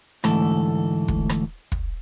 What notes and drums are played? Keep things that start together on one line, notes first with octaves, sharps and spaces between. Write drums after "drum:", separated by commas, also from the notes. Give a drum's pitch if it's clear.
D2 G#2 E3 A3 A4, drum: rim click
drum: kick
drum: rim click
drum: kick